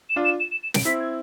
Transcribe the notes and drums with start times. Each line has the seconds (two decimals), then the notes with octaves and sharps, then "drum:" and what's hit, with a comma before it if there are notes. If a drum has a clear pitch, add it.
0.09 E7
0.16 D4 F4
0.24 E7
0.39 E7
0.51 E7
0.62 E7
0.74 D7, drum: snare
0.85 C4 E4 B6
0.99 G#6